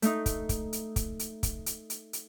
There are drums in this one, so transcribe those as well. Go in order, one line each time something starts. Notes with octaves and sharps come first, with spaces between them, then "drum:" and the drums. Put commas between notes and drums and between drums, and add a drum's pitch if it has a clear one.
A3 D#4, drum: hi-hat
drum: kick, hi-hat
drum: kick, hi-hat
drum: hi-hat
drum: kick, hi-hat
drum: hi-hat
drum: kick, hi-hat
drum: hi-hat
drum: hi-hat
drum: hi-hat